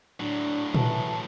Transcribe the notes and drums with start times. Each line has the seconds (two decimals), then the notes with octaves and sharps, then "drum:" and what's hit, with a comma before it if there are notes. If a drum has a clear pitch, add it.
0.20 A2 F#3 D4
0.74 E3 A5, drum: tom A#2